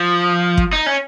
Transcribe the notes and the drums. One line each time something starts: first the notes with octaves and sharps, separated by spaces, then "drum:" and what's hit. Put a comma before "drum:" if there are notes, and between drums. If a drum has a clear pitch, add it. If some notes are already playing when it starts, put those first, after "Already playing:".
Already playing: F3
drum: kick
D#4
C#4